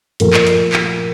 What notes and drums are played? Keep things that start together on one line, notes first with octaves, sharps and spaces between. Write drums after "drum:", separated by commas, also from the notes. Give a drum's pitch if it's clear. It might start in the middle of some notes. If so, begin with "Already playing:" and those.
A#2 F3 A3 A#4, drum: hi-hat
drum: clap
drum: hi-hat
drum: clap